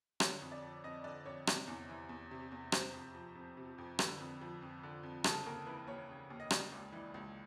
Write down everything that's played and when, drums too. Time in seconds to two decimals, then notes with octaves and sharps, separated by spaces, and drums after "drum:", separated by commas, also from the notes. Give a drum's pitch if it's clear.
0.20 D3 C#5, drum: rim click
0.42 F2
0.52 D5
0.62 F3
0.84 F2 D#5
1.04 D3 D5
1.26 F2 C#5
1.47 C3, drum: rim click
1.67 E2
1.89 E3
2.09 E2
2.31 C3
2.52 E2
2.72 C3 C5, drum: rim click
2.93 F2
3.15 F3
3.35 F2
3.57 C3
3.78 F2
3.99 D3 B4, drum: rim click
4.20 F2
4.41 F3
4.62 F2
4.83 D3
5.03 F2
5.24 C#3 A4, drum: rim click
5.46 D#2 A#4
5.67 E3 B4
5.87 D#2 C#5
6.09 C#3
6.30 D#2
6.40 D#5
6.50 C#3 D5, drum: rim click
6.72 C#2
6.92 E3
7.14 C#2